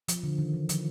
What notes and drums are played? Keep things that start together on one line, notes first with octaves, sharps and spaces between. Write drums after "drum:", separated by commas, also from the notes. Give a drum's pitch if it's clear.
F3, drum: hi-hat
D3
D#3
E3
F3, drum: hi-hat